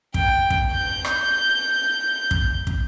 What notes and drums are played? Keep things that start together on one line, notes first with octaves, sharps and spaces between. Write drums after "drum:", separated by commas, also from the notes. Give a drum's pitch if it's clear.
G5, drum: kick
drum: kick
G6
drum: rim click
drum: kick
drum: kick